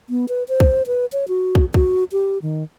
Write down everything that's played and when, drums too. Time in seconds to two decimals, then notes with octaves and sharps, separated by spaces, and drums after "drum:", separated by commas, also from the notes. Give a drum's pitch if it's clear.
0.10 B3
0.29 B4
0.49 C5
0.60 drum: kick
0.87 B4
1.13 C#5
1.28 F#4
1.55 drum: kick
1.74 F#4, drum: kick
2.12 G4
2.42 D#3